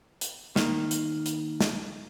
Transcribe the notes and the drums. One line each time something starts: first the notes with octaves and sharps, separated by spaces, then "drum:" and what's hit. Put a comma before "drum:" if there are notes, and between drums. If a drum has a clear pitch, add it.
drum: hi-hat
D#3 A#3, drum: snare
drum: hi-hat
drum: hi-hat
drum: snare